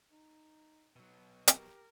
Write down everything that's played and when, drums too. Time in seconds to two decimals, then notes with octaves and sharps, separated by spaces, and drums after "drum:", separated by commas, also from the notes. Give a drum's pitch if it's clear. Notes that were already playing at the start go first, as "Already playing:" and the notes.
0.12 D#4
0.96 B2 F#3
1.47 G4 A#4, drum: hi-hat